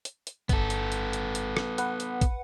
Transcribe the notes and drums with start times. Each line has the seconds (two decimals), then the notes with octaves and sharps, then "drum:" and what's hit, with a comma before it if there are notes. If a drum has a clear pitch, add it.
0.05 drum: hi-hat
0.27 drum: hi-hat
0.49 G1 B3 A4, drum: kick, hi-hat
0.70 drum: hi-hat
0.92 drum: hi-hat
1.13 drum: hi-hat
1.35 drum: hi-hat
1.57 drum: rim click
1.78 B4 F#5, drum: hi-hat
2.00 drum: hi-hat
2.21 drum: kick, hi-hat